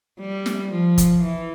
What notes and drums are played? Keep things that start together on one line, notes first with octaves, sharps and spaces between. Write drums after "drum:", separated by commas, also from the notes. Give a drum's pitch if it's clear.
G3
drum: snare
F3
drum: kick, hi-hat
E3